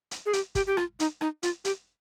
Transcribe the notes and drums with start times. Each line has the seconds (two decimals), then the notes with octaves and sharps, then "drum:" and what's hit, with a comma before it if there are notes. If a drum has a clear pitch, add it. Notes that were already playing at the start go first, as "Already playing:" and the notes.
0.11 drum: hi-hat
0.26 G#4
0.33 G4, drum: hi-hat
0.55 G4, drum: kick, hi-hat
0.67 G4
0.77 F4, drum: rim click
1.00 D#4, drum: hi-hat
1.21 D#4, drum: rim click
1.43 F4, drum: hi-hat
1.65 G4, drum: hi-hat